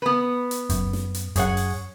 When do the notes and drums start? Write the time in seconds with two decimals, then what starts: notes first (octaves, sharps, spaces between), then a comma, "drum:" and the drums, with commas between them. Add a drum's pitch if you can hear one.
0.02 B3 B4
0.51 drum: hi-hat
0.70 F#2, drum: kick F#1, hi-hat
0.93 drum: snare
1.15 drum: hi-hat
1.36 F#2 G#4 C#5 F#5, drum: kick F#1, hi-hat
1.57 drum: open hi-hat